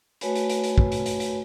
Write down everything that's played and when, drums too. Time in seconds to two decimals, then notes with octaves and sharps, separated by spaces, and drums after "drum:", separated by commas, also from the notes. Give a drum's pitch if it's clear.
0.21 A3 F#4 B4 C#5 G#5 B5, drum: hi-hat
0.35 drum: hi-hat
0.49 drum: hi-hat
0.64 drum: hi-hat
0.78 drum: kick
0.92 drum: hi-hat
1.06 drum: hi-hat
1.20 drum: hi-hat